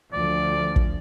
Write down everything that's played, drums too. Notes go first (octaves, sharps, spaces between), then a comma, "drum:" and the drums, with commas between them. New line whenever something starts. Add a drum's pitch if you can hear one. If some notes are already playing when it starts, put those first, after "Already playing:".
D2 F3 D5
drum: kick